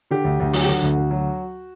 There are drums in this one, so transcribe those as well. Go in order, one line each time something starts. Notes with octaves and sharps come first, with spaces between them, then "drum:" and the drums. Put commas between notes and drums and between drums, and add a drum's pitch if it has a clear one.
D3 G4
D2
D2
F#3, drum: open hi-hat
G4
D3 F#4
D2
D2
F#3